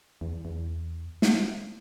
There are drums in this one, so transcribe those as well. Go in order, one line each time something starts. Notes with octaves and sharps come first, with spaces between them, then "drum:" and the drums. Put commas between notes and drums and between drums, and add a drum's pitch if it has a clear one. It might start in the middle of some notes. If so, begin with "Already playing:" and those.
E2
E2
drum: snare